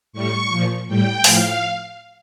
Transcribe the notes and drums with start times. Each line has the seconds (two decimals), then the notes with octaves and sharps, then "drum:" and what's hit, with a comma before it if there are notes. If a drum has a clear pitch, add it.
0.12 A2 G3 C#6
0.49 A#2 F3
0.87 A2 G3 G5
1.24 A2 F3 F5, drum: open hi-hat